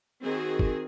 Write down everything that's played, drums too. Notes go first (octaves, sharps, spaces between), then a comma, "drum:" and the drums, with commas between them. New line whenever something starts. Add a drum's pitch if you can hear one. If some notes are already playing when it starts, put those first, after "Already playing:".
D#3 C4 F#4 G#4
drum: kick